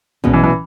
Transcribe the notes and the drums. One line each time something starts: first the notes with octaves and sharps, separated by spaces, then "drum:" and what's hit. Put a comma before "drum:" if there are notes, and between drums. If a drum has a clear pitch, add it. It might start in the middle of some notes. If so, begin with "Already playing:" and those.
E2 B2 G#3 C#4, drum: kick
E3
E3